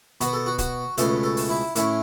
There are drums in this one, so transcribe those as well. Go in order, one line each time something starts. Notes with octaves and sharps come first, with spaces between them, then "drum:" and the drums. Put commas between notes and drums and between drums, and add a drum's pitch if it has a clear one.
B2 B3 F#4, drum: hi-hat
A4
F#4
F#4, drum: kick C#1, hi-hat
C#2 B2 A3 C#4 A4, drum: hi-hat
A4
drum: open hi-hat
E4
A2 A3 C#4 E4, drum: hi-hat